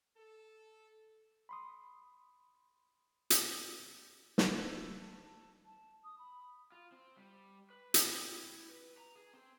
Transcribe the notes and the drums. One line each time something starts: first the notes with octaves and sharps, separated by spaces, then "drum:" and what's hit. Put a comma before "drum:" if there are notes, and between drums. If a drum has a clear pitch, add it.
A4
B5 C6 D#6
drum: hi-hat
A6, drum: snare
E6
A5
A5
D#6
B5
F4
C4
G3
B4
E4, drum: hi-hat
G5
E4
B4
A#5
G#4
C4